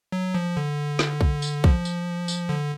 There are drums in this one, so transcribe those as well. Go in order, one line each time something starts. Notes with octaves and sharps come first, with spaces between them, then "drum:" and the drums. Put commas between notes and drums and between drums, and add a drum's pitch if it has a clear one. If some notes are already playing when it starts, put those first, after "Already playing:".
F#3
F3
D3
drum: snare
drum: kick
drum: tambourine
F3, drum: kick
drum: tambourine
drum: tambourine
D3